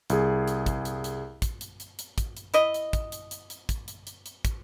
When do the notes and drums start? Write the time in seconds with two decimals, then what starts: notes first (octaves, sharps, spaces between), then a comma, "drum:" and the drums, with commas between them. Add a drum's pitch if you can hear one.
0.10 C2 G#4, drum: hi-hat
0.47 drum: hi-hat
0.66 drum: kick, hi-hat
0.85 drum: hi-hat
1.04 drum: hi-hat
1.42 drum: kick, hi-hat
1.61 drum: hi-hat
1.80 drum: hi-hat
1.99 drum: hi-hat
2.18 drum: kick, hi-hat
2.37 drum: hi-hat
2.54 E4 D#5, drum: hi-hat
2.74 drum: hi-hat
2.93 drum: kick, hi-hat
3.12 drum: hi-hat
3.31 drum: hi-hat
3.50 drum: hi-hat
3.69 drum: kick, hi-hat
3.88 drum: hi-hat
4.07 drum: hi-hat
4.26 drum: hi-hat
4.45 drum: kick, hi-hat